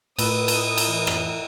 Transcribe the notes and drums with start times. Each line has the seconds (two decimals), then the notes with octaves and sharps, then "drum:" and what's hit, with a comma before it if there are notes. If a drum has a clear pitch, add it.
0.19 A2 F4 B4 B5 D#6 E6, drum: cymbal
0.48 drum: cymbal
0.78 drum: cymbal
0.88 E3
1.07 drum: rim click